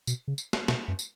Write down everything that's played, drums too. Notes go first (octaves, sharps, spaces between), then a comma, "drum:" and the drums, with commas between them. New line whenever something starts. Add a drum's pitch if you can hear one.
B2, drum: tambourine
C#3
drum: tambourine
drum: snare
B2, drum: snare
F#2
drum: tambourine